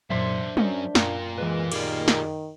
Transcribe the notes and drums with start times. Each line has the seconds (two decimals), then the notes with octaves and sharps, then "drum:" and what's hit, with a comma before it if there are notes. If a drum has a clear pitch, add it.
0.10 F#2 A#2 F#3 D4 C5 E5 C6
0.57 F#3 C#4 D4 A#4, drum: tom
0.95 F#2 F4 A#4 F5 G5, drum: snare
1.38 E3 G#3 B4
1.72 D#3 G4 G#4 D5, drum: cymbal
2.08 drum: snare